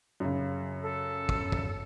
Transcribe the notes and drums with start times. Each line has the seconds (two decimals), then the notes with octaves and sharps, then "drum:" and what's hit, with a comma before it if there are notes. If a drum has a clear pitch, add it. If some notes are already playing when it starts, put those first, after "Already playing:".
0.20 F#2 C#3
0.82 A4
1.29 drum: kick
1.52 drum: kick